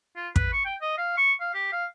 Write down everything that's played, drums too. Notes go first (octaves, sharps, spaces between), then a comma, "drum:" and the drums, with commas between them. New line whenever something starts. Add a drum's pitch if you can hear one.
F4
B4, drum: kick
C#6
G5
D#5
F5
C#6
F5
G4
F5